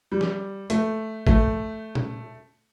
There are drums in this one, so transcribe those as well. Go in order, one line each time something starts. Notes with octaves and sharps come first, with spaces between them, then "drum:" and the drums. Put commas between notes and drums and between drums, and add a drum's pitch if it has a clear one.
G3
drum: snare
A3, drum: hi-hat
A3, drum: kick
drum: tom A#2